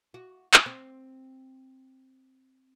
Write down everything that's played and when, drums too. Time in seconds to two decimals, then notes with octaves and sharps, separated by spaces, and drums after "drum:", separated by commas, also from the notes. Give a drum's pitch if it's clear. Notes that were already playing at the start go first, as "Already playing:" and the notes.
0.14 F#4
0.54 drum: clap
0.66 C4